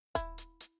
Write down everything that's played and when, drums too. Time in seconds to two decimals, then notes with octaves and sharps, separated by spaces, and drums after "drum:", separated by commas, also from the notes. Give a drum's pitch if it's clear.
0.15 E4, drum: kick D#1, hi-hat
0.38 drum: hi-hat
0.60 drum: hi-hat